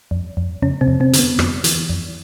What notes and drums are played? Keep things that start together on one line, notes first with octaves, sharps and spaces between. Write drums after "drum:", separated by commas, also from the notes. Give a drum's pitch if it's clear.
F2
F2
F2 C#3 C#4
C3 C4
F2
C3 C4
D3, drum: hi-hat
B3
F2, drum: rim click
E3, drum: hi-hat
F2